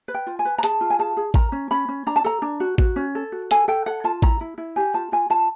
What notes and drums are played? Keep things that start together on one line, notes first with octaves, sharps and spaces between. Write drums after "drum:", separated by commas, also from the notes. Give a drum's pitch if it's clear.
B4
G5
F4
G#5
B4
A#5
G#4 A5, drum: hi-hat
F4
G#5
G#4 A5
G#4
A#4 A#5, drum: kick A1
C#4
C#4 B5
C#4
D4 A#5
A5
A4 A#5
D4
F#4
F#4, drum: kick A1
C#4
A4
F#4
A4 G#5, drum: hi-hat
A4 G5
A4 F#5
F4 A5
E4 A#5, drum: kick A1
E4
E4
G4 G#5
F4 A5
F4 G#5
F4 A5